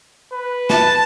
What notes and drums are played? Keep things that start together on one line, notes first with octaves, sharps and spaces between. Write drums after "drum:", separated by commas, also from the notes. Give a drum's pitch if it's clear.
B4
A5, drum: snare